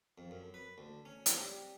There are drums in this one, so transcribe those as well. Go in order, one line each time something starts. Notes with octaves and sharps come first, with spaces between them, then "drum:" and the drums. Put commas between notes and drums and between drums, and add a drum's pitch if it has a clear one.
F2
F#2
B4
D2
C#4
C4, drum: hi-hat
G3